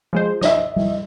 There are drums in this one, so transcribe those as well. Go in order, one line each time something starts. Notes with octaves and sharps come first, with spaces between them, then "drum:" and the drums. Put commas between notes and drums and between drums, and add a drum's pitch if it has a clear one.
F3 G#3 C5
D#5 E5, drum: snare
drum: tom G3